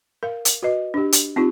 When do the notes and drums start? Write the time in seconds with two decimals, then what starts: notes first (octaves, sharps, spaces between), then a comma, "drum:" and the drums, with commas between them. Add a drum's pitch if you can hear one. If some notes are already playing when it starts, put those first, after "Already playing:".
0.23 A#4 F5
0.45 drum: hi-hat
0.63 F#4 B4 D#5
0.94 D4 G4
1.12 drum: hi-hat
1.36 C4 D#4 F4 G4